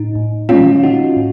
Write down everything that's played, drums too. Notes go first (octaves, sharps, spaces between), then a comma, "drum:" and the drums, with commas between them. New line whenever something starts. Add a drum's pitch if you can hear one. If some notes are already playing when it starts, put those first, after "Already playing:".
Already playing: A2 D#4
A2
A#2 C#4 F4, drum: tom
A#2 D#4 F#4
A2